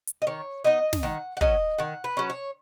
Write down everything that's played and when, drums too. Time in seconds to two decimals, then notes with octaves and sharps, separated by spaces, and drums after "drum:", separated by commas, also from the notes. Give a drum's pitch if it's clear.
0.07 drum: hi-hat
0.22 D#5
0.27 D#3 C#5
0.64 B3 D#4 D#5
0.93 drum: snare
1.03 D#3 F#5
1.37 F#5
1.41 F#3 C#4 D#5, drum: kick
1.78 D#3 F#5
2.04 B4
2.17 F#3 C#4
2.30 C#5